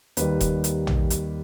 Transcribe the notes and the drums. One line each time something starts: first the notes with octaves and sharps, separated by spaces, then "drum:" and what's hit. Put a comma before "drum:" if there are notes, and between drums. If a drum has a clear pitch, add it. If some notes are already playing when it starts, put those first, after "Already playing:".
D#2 D#3 G3 B4, drum: hi-hat
drum: kick E1, hi-hat
drum: hi-hat
drum: tom
drum: hi-hat